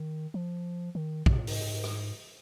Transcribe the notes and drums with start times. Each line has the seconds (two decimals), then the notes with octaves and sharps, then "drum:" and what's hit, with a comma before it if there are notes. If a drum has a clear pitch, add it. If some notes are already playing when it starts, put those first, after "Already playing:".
Already playing: D#3
0.34 F3
0.95 D#3
1.26 C3, drum: kick
1.37 A#2
1.47 G#2, drum: open hi-hat
1.84 drum: rim click